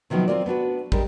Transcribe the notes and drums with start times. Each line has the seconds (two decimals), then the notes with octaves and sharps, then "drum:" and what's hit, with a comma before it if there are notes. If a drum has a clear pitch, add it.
0.10 C3 D#3 F3 F#3 B3
0.28 C4 D4 F4 A#4 D5
0.46 B3 D4 F#4 B4
0.92 G3 G#3 D4 G4 A#4, drum: kick